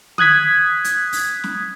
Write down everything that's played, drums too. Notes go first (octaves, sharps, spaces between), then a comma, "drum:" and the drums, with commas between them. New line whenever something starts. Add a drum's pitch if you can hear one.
D#6 F#6 G#6 B6, drum: tom D3
drum: hi-hat
drum: open hi-hat
drum: snare